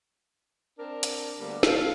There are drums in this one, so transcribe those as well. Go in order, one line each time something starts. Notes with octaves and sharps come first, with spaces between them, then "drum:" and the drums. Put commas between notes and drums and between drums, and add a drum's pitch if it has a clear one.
C4 D4 A#4
drum: hi-hat
D2 D3 G3 A#3 B3
A#3 A4 F5, drum: snare